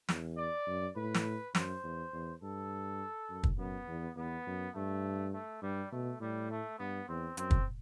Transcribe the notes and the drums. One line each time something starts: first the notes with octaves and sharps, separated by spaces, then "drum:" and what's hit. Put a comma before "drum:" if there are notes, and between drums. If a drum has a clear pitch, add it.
E2, drum: snare
D5
F#2
A2 B4
drum: snare
F#2 C5, drum: snare
E2
E2
G2 A4
F#2
drum: kick
F#2 B3
E2
E2 B3
F#2
G2 A3
A3
G2 G3
B2 A3
A2 G3
A3
G2 B3
E2 C4
F#2 C4, drum: hi-hat
drum: kick